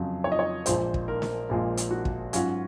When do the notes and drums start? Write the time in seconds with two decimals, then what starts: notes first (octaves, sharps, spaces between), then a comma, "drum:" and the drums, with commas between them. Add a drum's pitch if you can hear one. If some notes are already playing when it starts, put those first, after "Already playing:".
Already playing: F2 C#3 F#3
0.24 C#5
0.32 D#5
0.39 C#5
0.66 A#1 A#2 F3 G#3 C5, drum: hi-hat
0.94 drum: kick
1.08 A#4
1.22 drum: snare
1.49 A#1 A#2 F3 G#3
1.77 drum: hi-hat
1.91 F#4
2.05 drum: kick
2.33 G#2 F#3 C#4 F4 F#4, drum: hi-hat